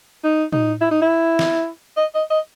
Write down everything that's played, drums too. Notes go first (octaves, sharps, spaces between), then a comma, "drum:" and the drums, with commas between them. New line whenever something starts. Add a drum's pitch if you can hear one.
D#4
D#4, drum: tom
E4
D#4
E4
drum: snare
D#5
D#5
D#5